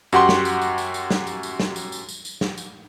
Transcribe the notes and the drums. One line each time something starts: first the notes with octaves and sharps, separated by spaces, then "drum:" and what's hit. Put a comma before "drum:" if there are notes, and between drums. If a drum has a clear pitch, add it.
F#2 F#4 G4 F#5 C6, drum: tambourine
drum: snare
drum: tambourine
drum: tambourine
drum: tambourine
drum: tambourine
drum: snare
drum: tambourine
drum: tambourine
drum: snare
drum: tambourine
drum: tambourine
drum: tambourine
drum: tambourine
drum: snare
drum: tambourine